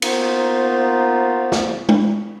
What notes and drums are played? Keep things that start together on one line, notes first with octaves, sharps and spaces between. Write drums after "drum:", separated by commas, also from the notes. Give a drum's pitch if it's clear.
A#3 B3 D#4 F4 C5, drum: cymbal
drum: snare
drum: tom G#3